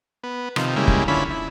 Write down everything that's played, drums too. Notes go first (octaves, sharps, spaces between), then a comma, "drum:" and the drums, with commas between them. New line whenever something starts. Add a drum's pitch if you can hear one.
B3
C3 D#3 F3, drum: rim click
C#3 G3 G#3 A#3 E4
drum: kick
D3 F3 C#4 E4 B5
E4